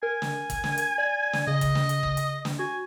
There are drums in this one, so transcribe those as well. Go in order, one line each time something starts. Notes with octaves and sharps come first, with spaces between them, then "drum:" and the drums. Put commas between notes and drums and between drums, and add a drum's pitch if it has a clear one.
A#4 G#5
drum: snare
drum: kick, hi-hat
drum: snare
drum: hi-hat
D5
drum: snare
C#3 D#5
drum: kick, hi-hat
drum: snare
drum: hi-hat
drum: kick
drum: hi-hat
drum: snare
F#4 G#5